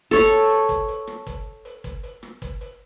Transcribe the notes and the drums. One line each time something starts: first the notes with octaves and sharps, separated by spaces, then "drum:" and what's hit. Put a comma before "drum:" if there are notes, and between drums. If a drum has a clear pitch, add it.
A4 C#5, drum: kick, hi-hat
drum: hi-hat
drum: kick, hi-hat
drum: hi-hat
drum: rim click
drum: kick, hi-hat
drum: hi-hat
drum: kick, hi-hat
drum: hi-hat
drum: rim click
drum: kick, hi-hat
drum: hi-hat